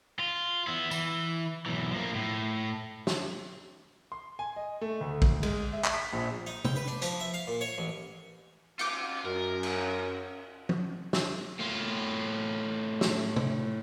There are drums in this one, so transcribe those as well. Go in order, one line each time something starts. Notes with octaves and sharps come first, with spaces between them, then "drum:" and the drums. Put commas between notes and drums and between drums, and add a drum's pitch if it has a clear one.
F4
B3 E4
E3, drum: tambourine
B1 E3
F3 A#3
A2
drum: snare
C6
G#5
D#5
A3
D2
drum: kick
G#3, drum: cymbal
E5
drum: clap
B6
A#1
D#4
G5, drum: tom
B4
D4
F3, drum: hi-hat
E5
F5
A#2
C#5
A1
F4 D6 G6 C#7, drum: cymbal
F#2 A#4
drum: cymbal
drum: tom
drum: snare
A2 F4
drum: snare
drum: tom